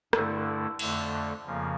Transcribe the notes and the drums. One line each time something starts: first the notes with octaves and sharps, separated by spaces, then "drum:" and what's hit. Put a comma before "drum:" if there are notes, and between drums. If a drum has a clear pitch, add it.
G2 D3 A3 E4, drum: rim click
F2 D3 A3, drum: cymbal
F2 C#3 F3 A#3